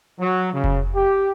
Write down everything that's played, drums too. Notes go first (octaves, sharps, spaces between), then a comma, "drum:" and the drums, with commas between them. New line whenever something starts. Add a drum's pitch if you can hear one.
F#3
C#3
drum: kick F1
G4